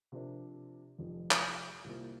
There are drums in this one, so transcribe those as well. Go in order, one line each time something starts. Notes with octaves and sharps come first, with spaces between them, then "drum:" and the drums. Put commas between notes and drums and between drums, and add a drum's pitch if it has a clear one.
C3 F3 D4 A#4
F1 F2 F3
drum: clap
C2 C3 A#3 F4